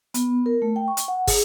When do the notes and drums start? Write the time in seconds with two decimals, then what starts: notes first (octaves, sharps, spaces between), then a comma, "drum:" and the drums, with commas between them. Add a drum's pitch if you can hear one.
0.14 B3, drum: hi-hat
0.46 A#4
0.62 A3
0.76 G5
0.88 C#6
0.97 drum: hi-hat
1.08 F#5
1.27 G#4, drum: kick, open hi-hat